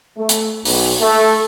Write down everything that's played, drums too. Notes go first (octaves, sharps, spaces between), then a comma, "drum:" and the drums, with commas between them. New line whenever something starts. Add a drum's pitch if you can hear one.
A3
drum: hi-hat
B1, drum: open hi-hat
A3